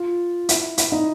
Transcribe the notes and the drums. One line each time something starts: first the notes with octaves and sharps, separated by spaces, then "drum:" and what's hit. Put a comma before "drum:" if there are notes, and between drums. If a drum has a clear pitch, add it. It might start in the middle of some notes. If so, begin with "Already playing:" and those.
Already playing: F4
E4, drum: hi-hat
E4, drum: hi-hat
D#4